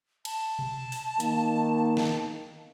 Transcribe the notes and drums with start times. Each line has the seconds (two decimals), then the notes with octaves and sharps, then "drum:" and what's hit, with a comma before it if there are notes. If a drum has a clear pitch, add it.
0.25 A5, drum: cymbal
0.59 drum: tom B2
0.92 drum: open hi-hat
1.20 D#3 A#3, drum: hi-hat
1.97 drum: snare